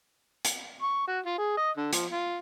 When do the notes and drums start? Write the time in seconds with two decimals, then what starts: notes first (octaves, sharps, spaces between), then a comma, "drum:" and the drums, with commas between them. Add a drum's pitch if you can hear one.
0.45 drum: hi-hat
0.82 C#6
1.07 F#4
1.26 F4
1.38 G#4
1.57 D#5
1.77 D3
1.93 F3, drum: hi-hat
2.12 F4